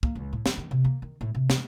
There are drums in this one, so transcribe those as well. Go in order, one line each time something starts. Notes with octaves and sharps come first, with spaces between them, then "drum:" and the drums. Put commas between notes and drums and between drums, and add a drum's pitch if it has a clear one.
A#3, drum: kick
C#2
A2
F#2, drum: snare
D#3
C3
A#3
D#3
A2
C3
B3, drum: snare